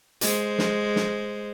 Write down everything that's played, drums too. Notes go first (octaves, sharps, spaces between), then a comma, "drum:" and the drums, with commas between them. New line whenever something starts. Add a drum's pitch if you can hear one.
G#3 C5, drum: hi-hat
drum: snare
drum: snare